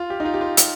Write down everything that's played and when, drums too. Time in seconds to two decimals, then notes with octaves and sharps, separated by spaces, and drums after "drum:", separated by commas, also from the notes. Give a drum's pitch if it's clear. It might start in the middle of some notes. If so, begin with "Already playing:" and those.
Already playing: F4
0.10 G4
0.20 D#4
0.25 F4
0.34 G4
0.41 F4
0.57 drum: hi-hat